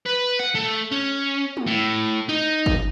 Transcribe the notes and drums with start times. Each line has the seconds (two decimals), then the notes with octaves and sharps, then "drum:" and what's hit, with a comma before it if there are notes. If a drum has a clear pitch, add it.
0.06 B4
0.39 F#5
0.55 A3
0.92 C#4
1.57 drum: tom
1.67 A2
2.29 D#4
2.66 drum: kick G1